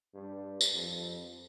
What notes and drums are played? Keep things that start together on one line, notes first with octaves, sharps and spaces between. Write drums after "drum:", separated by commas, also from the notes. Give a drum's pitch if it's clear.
G2
drum: tambourine
F2